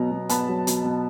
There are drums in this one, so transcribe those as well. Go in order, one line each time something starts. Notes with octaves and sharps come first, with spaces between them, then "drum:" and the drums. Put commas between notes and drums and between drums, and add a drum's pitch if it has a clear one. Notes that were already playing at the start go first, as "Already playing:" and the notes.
Already playing: B2 F#3 B3 A#5
B2
B3 A5 B5, drum: hi-hat
F#3
B2, drum: hi-hat
B2